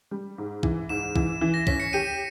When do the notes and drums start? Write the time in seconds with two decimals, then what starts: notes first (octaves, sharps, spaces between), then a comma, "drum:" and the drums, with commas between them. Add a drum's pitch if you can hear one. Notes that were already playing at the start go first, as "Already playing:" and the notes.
0.11 G3
0.38 G#2
0.63 E3, drum: kick
0.89 G#2 E7
1.16 E3, drum: kick
1.41 E3
1.54 A#6
1.67 C#4 B6, drum: kick
1.80 C#7
1.93 G4 D#7